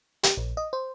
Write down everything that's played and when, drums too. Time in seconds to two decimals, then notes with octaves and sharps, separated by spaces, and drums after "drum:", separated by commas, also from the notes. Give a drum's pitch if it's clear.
0.23 G4, drum: hi-hat
0.37 A#1
0.57 D#5
0.73 C5